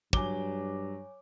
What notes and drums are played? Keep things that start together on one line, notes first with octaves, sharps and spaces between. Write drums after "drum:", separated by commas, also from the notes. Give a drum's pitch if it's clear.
G2 F#3 C#5 G#5 D6 G7, drum: kick